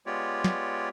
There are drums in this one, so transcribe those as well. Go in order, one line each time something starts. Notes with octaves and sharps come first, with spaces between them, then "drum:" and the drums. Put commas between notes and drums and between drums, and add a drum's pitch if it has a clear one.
G#3 B3 F4 G4 C#5 D5
drum: snare